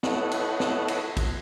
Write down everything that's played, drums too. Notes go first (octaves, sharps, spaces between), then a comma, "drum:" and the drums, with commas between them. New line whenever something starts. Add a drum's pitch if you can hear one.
E4 A4 B4 C#5 D#5 F#5, drum: snare
drum: cymbal
drum: snare
drum: cymbal
drum: kick, cymbal